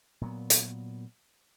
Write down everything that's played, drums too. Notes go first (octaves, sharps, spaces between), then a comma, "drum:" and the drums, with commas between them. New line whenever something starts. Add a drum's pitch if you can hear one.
A#2 F#3 B3
drum: hi-hat